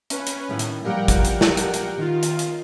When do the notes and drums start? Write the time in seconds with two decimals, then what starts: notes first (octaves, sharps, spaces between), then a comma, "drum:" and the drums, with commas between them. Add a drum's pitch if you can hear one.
0.10 C#4 B4, drum: hi-hat
0.27 drum: hi-hat
0.49 A2 D#3 A3
0.59 drum: hi-hat
0.85 A#2 F3 G3 A#4 F#5 G5
1.08 drum: kick G#1, hi-hat
1.25 drum: hi-hat
1.41 drum: snare
1.57 drum: hi-hat
1.74 drum: hi-hat
1.98 D#3 F4
2.23 drum: hi-hat
2.39 drum: hi-hat